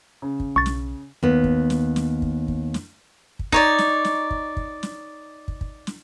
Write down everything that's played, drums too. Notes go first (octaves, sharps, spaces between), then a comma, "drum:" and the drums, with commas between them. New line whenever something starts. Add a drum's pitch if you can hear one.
C#3
drum: kick
B1 C#6 A6
drum: snare
D#2 B3
drum: kick
drum: snare
drum: snare
drum: kick
drum: kick
drum: snare
drum: kick
D#4 C#5 D5, drum: kick
drum: snare
drum: snare
drum: kick
drum: kick
drum: snare
drum: kick
drum: kick
drum: snare